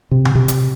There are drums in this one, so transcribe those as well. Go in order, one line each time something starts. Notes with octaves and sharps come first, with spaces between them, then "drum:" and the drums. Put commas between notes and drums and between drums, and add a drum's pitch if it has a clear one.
C3
drum: tom C3
C3
drum: hi-hat